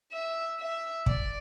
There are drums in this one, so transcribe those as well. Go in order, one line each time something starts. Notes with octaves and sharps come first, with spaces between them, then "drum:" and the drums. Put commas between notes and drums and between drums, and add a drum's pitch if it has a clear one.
E5
E5
D5, drum: kick